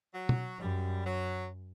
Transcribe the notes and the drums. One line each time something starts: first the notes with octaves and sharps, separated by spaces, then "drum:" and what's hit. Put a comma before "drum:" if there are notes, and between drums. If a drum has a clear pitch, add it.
F#3
drum: tom
F#2 G3
F#3